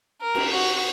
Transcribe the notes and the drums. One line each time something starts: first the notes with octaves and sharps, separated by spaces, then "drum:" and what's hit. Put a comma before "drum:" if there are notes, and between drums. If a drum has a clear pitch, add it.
A#4
drum: cymbal
F#4